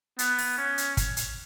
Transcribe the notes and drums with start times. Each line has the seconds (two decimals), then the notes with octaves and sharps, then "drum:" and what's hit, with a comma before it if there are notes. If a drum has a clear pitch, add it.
0.19 B3, drum: hi-hat
0.39 drum: open hi-hat
0.58 C#4
0.78 drum: hi-hat
0.97 drum: kick, hi-hat
1.17 drum: hi-hat